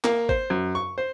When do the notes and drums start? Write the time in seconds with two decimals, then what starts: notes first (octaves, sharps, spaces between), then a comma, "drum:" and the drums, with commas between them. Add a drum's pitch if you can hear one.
0.04 A#3, drum: clap
0.29 C5, drum: kick G#1
0.50 F#2
0.75 C#6
0.98 C5